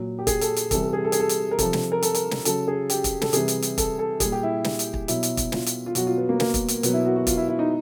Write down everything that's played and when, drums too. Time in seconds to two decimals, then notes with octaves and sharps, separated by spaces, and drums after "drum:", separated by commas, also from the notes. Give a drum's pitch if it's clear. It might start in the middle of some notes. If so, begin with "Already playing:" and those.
Already playing: A#2 F#3
0.19 G4
0.27 G#4, drum: kick, hi-hat
0.41 A4, drum: hi-hat
0.56 drum: hi-hat
0.71 C3 E3 G3 A4, drum: kick, hi-hat
0.83 A4
0.93 G#4
1.04 A4
1.12 G#4, drum: hi-hat
1.20 A4
1.29 drum: hi-hat
1.51 A#4
1.59 C3 F3 A4, drum: kick, hi-hat
1.73 drum: snare
1.92 A#4
2.03 A4, drum: hi-hat
2.15 A#4, drum: hi-hat
2.31 drum: snare
2.45 C#3 F#3 A4, drum: hi-hat
2.68 G#4
2.90 G4, drum: hi-hat
3.04 drum: kick, hi-hat
3.22 A4, drum: snare
3.33 C3 E3 G3 G#4, drum: hi-hat
3.48 drum: hi-hat
3.62 drum: hi-hat
3.78 A4, drum: kick, hi-hat
3.99 A4
4.20 A#2 G3 G#4, drum: kick, hi-hat
4.32 G4
4.43 E4
4.64 drum: snare
4.79 drum: hi-hat
4.94 drum: kick
5.08 B2 F#3 E4, drum: hi-hat
5.23 drum: hi-hat
5.37 drum: kick, hi-hat
5.52 F4, drum: snare
5.66 drum: hi-hat
5.86 F4
5.95 B2 F#3 F#4, drum: hi-hat
6.07 F4
6.18 B3
6.29 A#3
6.40 A#3, drum: snare
6.54 drum: kick, hi-hat
6.68 drum: hi-hat
6.83 B2 F#3 B3, drum: hi-hat
6.94 E4
7.05 F#4
7.16 F#4
7.27 F4, drum: kick, hi-hat
7.37 E4
7.48 E4
7.59 D#4